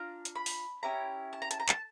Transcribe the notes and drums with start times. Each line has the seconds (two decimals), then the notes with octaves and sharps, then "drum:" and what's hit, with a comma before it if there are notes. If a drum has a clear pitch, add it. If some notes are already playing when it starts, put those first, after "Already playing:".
Already playing: D4 F4 A#5
0.25 drum: hi-hat
0.35 B5
0.46 drum: open hi-hat
0.83 C#4 E4 G4 A#5
1.33 A5
1.42 A#5
1.51 A5, drum: hi-hat
1.60 A#5
1.69 A5, drum: clap